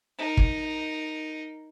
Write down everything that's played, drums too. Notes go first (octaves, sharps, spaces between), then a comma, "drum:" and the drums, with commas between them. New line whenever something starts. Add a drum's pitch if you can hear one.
D#4 A#4
drum: kick